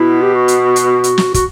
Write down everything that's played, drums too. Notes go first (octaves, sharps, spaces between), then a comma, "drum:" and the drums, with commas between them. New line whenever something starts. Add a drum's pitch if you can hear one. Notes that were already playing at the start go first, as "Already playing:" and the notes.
Already playing: B2 E4
G4
F#4
drum: hi-hat
drum: hi-hat
drum: hi-hat
drum: snare
F#4, drum: kick, hi-hat